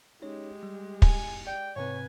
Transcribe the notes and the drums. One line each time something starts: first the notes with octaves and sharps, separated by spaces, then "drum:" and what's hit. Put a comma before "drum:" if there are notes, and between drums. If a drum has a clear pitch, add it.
G#3 C#4 D#4 G4 C#5
G3
G#5, drum: kick
D5 G5
G#2 C3 C4 B4 C#5 G#5